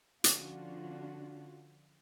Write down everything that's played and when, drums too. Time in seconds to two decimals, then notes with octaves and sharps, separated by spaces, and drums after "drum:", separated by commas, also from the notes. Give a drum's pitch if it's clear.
0.24 D3 F3 C#4 D4 F4 F#4, drum: hi-hat